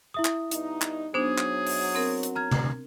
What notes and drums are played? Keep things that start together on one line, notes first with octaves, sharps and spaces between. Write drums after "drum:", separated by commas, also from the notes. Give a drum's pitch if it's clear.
E4 E5 D#6
drum: clap
G2 B3 D#4, drum: hi-hat
drum: clap
F#3 B3 D4 D#4 G#4 C5
drum: clap
drum: open hi-hat
C4 A#4
drum: hi-hat
A#5 F6 G#6
drum: tom C3